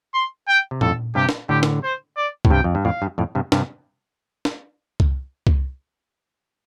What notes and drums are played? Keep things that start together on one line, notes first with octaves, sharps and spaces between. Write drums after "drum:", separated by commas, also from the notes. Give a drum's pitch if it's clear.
C6
G5
C3
F2 A2 A4, drum: tom A#2
G2 C3 G4
drum: snare
A2 D3 G4
drum: snare
C5
D5
A2, drum: kick C2
G2 C3 G5
F2
G2
F2 A2 F5
G2
F2 A2
G2 C3
G2 C3, drum: snare
drum: snare
drum: kick C2
drum: kick C2